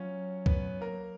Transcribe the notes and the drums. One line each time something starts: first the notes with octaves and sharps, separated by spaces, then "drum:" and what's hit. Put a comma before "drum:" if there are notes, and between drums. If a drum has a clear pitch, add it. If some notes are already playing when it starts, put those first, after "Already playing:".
Already playing: F#3 C#4 F4 C#5
B3 B4, drum: kick
A#3 A#4